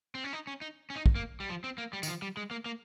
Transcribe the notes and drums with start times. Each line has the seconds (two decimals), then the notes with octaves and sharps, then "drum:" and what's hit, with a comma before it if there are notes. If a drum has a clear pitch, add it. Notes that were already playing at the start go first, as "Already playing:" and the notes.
0.15 C4
0.24 C#4
0.33 D#4
0.47 C#4
0.61 D#4
0.90 C#4
0.96 D#4
1.06 drum: kick
1.15 A#3
1.40 G3
1.49 F3
1.64 C4
1.78 A#3
1.93 G3
2.03 D#3, drum: tambourine
2.08 F3
2.22 G3
2.37 G#3
2.51 A#3
2.66 A#3